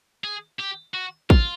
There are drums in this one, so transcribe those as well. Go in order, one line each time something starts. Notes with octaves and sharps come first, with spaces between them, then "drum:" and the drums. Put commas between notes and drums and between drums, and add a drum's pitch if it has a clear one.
G#4
G4
F#4
F4, drum: kick